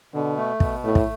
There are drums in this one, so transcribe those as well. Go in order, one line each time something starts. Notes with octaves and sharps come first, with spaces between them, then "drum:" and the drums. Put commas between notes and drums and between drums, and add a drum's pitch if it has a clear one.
B2 D3
A3
B2, drum: kick
A2 A3
drum: kick